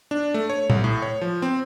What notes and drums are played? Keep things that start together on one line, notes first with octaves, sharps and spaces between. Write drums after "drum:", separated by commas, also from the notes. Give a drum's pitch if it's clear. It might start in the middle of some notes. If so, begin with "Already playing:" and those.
D4
A3
C#5
C2, drum: tom A#2
A2
C#5
F3
C4